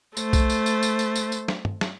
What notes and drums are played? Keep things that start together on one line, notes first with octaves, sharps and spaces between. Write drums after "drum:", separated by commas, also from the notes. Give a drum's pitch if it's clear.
A3 C5, drum: tambourine
drum: kick B1, tambourine
drum: tambourine
drum: tambourine
drum: tambourine
drum: tambourine
drum: tambourine
drum: tambourine
drum: snare
drum: tom
drum: snare